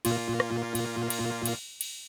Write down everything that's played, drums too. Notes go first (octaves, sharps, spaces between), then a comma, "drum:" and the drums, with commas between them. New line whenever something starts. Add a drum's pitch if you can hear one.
A#2 A#3 F4, drum: cymbal
drum: rim click
drum: cymbal
drum: cymbal
drum: cymbal
drum: cymbal